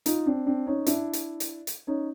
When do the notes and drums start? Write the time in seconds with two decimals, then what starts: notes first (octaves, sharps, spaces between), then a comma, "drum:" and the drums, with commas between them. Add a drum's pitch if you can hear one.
0.06 D#4 F4, drum: hi-hat
0.26 C4 D4
0.46 C4 D4
0.67 C#4 D#4
0.87 D4 E4, drum: hi-hat
1.13 drum: hi-hat
1.40 drum: hi-hat
1.67 drum: hi-hat
1.87 C#4 D#4